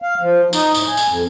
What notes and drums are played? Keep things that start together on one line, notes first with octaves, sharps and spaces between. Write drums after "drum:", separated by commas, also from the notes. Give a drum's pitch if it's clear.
F5
F3
D#4, drum: tambourine
A2, drum: tambourine
G#5
drum: tambourine
F2